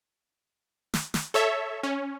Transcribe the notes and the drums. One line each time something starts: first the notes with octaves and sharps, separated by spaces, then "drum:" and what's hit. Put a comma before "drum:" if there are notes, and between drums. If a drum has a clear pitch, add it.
drum: snare
drum: snare
A4 C#5 E5
C#4